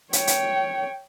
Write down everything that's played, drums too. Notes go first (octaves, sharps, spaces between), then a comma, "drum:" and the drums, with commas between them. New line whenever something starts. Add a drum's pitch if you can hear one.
C#5 G5, drum: hi-hat
drum: hi-hat